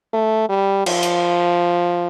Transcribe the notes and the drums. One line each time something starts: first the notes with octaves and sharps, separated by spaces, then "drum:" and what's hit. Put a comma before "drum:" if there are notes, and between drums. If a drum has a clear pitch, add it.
A3
G3
F3, drum: cymbal
drum: hi-hat